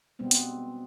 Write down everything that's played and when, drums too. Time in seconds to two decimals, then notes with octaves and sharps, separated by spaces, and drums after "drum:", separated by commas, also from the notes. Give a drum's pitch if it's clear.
0.19 B2 G3 G#3 B3 C4 D4
0.31 drum: hi-hat